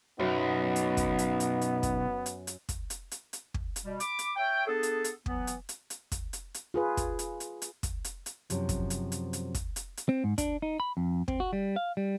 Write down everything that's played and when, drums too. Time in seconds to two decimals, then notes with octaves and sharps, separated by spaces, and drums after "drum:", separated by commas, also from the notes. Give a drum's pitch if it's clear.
0.20 B1 F#2 B3 D#4
0.76 drum: hi-hat
0.97 drum: kick, hi-hat
1.19 drum: hi-hat
1.40 drum: hi-hat
1.61 drum: hi-hat
1.83 drum: kick, hi-hat
2.26 drum: hi-hat
2.47 drum: hi-hat
2.69 drum: kick, hi-hat
2.90 drum: hi-hat
3.11 drum: hi-hat
3.33 drum: hi-hat
3.54 drum: kick
3.76 drum: hi-hat
3.85 B2 G3
4.00 B5 D6, drum: hi-hat
4.19 drum: hi-hat
4.36 C#5 E5 G5
4.67 B3 D4 G#4 A4
4.83 drum: hi-hat
5.04 drum: hi-hat
5.26 E3 F#3 B3, drum: kick
5.47 drum: hi-hat
5.69 drum: hi-hat
5.90 drum: hi-hat
6.12 drum: kick, hi-hat
6.33 drum: hi-hat
6.54 drum: hi-hat
6.74 F4 G#4 B4
6.97 drum: kick, hi-hat
7.19 drum: hi-hat
7.40 drum: hi-hat
7.62 drum: hi-hat
7.83 drum: kick, hi-hat
8.04 drum: hi-hat
8.26 drum: hi-hat
8.50 F#2 C3 F3, drum: hi-hat
8.69 drum: kick, hi-hat
8.90 drum: hi-hat
9.12 drum: hi-hat
9.33 drum: hi-hat
9.55 drum: kick, hi-hat
9.76 drum: hi-hat
9.97 drum: hi-hat
10.09 C4
10.24 G#2
10.38 D4, drum: kick, hi-hat
10.62 D#4
10.80 B5
10.97 F2
11.28 C4, drum: kick
11.40 F#4
11.53 G3
11.76 F5
11.97 G3